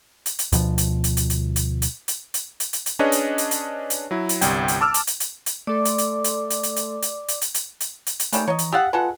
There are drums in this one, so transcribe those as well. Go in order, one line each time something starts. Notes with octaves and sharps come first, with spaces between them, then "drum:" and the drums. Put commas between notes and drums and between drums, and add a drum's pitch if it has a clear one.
drum: hi-hat
drum: hi-hat
D2 B2 F3, drum: hi-hat
drum: hi-hat
drum: hi-hat
drum: hi-hat
drum: hi-hat
drum: hi-hat
drum: hi-hat
drum: hi-hat
drum: hi-hat
drum: hi-hat
drum: hi-hat
drum: hi-hat
C#4 D4 G#4 B4 C#5 D#5
drum: hi-hat
drum: hi-hat
drum: hi-hat
drum: hi-hat
F#3 E4
drum: hi-hat
G1 C2 G3 G5, drum: hi-hat
drum: hi-hat
A5 D6 E6 F6
drum: hi-hat
drum: hi-hat
drum: hi-hat
drum: hi-hat
A3 A4 D5 C6 D6
drum: hi-hat
drum: hi-hat
drum: hi-hat
drum: hi-hat
drum: hi-hat
drum: hi-hat
drum: hi-hat
drum: hi-hat
drum: hi-hat
drum: hi-hat
drum: hi-hat
drum: hi-hat
drum: hi-hat
D#3 G3 A3 C#4, drum: hi-hat
E3 C#5 D#5 A#5
drum: hi-hat
G4 F5 F#5 D#6 E6 A6
G#3 F4 A4 B4 F#5